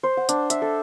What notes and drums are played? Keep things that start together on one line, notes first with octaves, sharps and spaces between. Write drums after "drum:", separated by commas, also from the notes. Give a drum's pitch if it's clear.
C5
F#5
D4, drum: hi-hat
E5, drum: hi-hat
A4